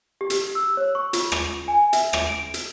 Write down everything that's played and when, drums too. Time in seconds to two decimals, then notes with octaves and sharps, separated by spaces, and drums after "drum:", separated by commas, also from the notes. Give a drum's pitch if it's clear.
0.21 G4
0.30 drum: hi-hat
0.55 E6
0.77 C#5
0.95 C#6
1.13 F4, drum: hi-hat
1.32 drum: rim click
1.68 G#5
1.93 E5, drum: hi-hat
2.13 drum: rim click
2.29 D7
2.54 drum: hi-hat